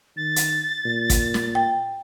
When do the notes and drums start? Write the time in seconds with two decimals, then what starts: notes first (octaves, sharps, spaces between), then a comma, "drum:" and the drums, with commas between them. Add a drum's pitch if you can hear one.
0.17 D#3 A6
0.36 drum: hi-hat
0.85 A#2
1.10 drum: kick, hi-hat
1.34 drum: snare
1.55 G5